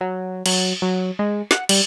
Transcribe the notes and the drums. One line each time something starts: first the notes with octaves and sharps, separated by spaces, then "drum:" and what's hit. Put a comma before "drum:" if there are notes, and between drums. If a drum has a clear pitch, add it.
F#3
F#3, drum: cymbal
F#3
G#3
F#5, drum: snare
G3, drum: cymbal